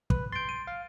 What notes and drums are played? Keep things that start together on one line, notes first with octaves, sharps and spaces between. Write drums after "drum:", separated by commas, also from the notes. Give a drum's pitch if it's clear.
B4, drum: kick
C6 G6 A6 D7
D#7
F5